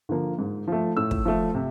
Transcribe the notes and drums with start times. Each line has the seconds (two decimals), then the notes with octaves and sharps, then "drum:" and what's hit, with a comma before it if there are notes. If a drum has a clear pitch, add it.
0.09 D3 F3 A#3
0.39 G#2
0.68 F3 A3
0.97 A2 E6
1.11 drum: kick
1.25 F3 A3
1.55 C3